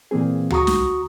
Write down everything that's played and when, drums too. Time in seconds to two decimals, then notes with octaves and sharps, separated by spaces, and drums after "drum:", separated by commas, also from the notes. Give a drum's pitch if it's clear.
0.11 A#2 E3 A#3 C4 G#4
0.50 D2 F#4 A#5 C#6 D#6, drum: tom
0.67 drum: snare